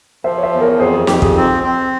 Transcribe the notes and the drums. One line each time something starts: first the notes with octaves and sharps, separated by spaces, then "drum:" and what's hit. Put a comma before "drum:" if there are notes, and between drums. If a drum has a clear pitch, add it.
F3 C5 E5
C#5
C5 E5
E2
A#4 C#5
F2 G#4 C5
G#4
F2 G4, drum: snare
G#4, drum: kick
C4
C4